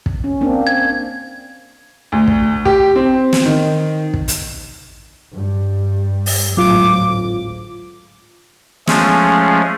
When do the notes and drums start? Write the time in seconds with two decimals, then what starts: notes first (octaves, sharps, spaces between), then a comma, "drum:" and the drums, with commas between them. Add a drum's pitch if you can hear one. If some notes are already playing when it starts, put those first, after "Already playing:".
0.06 drum: kick
0.24 C#4
0.41 A#3 C4 D4
0.67 G#6
2.12 D2
2.27 drum: kick
2.65 G4, drum: kick
2.95 C4
3.33 drum: snare
3.45 D#3
4.14 drum: kick
4.28 drum: hi-hat
5.34 G2 G3
6.26 drum: open hi-hat
6.57 G#1 D2 A2 F#3 F4 D6
8.87 F3 G#3 A3 C#4 G#4, drum: snare